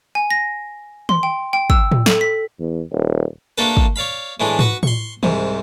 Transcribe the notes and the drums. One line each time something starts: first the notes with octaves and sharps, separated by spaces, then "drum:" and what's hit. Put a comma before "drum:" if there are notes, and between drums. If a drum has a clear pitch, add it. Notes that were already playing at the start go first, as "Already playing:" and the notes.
G#5
A#6
C6, drum: tom D#3
G5
G5
E6, drum: kick
drum: tom A2
A4, drum: snare
B6
E2
D#1
A3 A#3 D4 G4 A4 B4
drum: kick
C#5 D5 F5 B5
A2 E3 G#3 D4
F#4 B4 F#5, drum: tom G#2
C6 C#6, drum: tom A2
C2 G#2 C3, drum: tom D#3